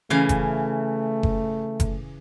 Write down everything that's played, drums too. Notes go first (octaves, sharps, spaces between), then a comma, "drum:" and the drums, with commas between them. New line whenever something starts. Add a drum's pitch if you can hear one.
C#3 E3 A3 F5
drum: kick F#1, hi-hat
drum: kick F#1
drum: kick F#1, hi-hat